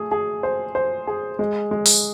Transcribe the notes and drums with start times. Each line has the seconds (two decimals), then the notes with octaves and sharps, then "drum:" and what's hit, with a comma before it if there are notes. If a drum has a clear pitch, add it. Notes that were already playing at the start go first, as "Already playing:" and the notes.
Already playing: A3 G#4
0.12 G#4
0.43 C5
0.75 C5
1.07 G#4
1.39 G#3
1.71 G#3
1.86 drum: open hi-hat